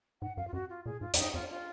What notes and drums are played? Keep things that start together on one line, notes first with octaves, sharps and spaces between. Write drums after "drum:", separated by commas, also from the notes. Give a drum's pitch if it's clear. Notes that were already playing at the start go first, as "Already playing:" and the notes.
G#2 F#5
F#2 F5
F4
F#2 F#4
F4
A#2 G#4
G#2 F4
F2, drum: hi-hat
F#2 D#4
F2 F4
F4